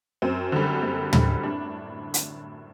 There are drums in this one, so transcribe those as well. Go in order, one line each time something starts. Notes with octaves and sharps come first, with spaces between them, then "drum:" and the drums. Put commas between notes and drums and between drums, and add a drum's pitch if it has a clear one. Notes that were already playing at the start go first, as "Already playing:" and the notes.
F#2 C4
D3 G3
F#2
D3 G3, drum: tom
A2 D4
drum: hi-hat